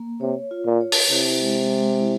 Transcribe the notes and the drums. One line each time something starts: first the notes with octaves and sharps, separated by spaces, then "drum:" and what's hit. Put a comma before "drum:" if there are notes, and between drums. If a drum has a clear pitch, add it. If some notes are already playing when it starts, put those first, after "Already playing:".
Already playing: A#3
C3 C#5
F4
A#2
C#5
drum: open hi-hat
C3 E4
G#3
G#3
E4